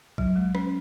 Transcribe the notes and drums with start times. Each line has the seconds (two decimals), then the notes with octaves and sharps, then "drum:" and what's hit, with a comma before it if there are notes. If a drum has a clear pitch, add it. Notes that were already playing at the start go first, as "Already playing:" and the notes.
0.18 F#3, drum: kick
0.36 G#3
0.55 C#4, drum: rim click